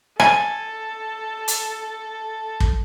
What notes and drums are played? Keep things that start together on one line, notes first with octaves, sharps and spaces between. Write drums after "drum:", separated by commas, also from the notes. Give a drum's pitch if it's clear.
A4 G#5, drum: rim click
drum: hi-hat
drum: kick